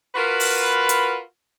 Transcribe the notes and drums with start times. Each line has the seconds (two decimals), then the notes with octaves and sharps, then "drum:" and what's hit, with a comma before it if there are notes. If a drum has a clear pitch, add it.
0.15 F4 F#4 A#4 B4
0.40 drum: open hi-hat
0.89 drum: hi-hat